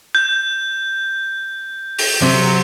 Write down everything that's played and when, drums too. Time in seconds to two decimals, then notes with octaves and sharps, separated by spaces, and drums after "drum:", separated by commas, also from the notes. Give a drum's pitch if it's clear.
0.15 G6
1.98 drum: open hi-hat
2.22 C3 F#3